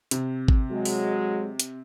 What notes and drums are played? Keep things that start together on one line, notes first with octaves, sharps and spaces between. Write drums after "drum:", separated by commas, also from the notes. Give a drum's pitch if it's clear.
C3, drum: hi-hat
drum: kick G#1
F#3 G#3
drum: open hi-hat
drum: hi-hat